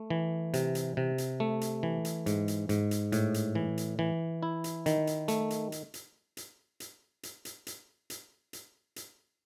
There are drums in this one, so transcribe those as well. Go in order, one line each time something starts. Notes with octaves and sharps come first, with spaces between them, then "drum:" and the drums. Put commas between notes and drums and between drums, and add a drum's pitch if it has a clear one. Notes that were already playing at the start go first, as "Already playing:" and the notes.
Already playing: A3
E3
C3, drum: hi-hat
drum: hi-hat
C3
drum: hi-hat
A3
drum: hi-hat
E3
drum: hi-hat
G#2, drum: hi-hat
drum: hi-hat
G#2, drum: hi-hat
drum: hi-hat
A2, drum: hi-hat
drum: hi-hat
E3
drum: hi-hat
E3
E4
drum: hi-hat
D#3, drum: hi-hat
drum: hi-hat
A3, drum: hi-hat
drum: hi-hat
drum: hi-hat
drum: hi-hat
drum: hi-hat
drum: hi-hat
drum: hi-hat
drum: hi-hat
drum: hi-hat
drum: hi-hat
drum: hi-hat
drum: hi-hat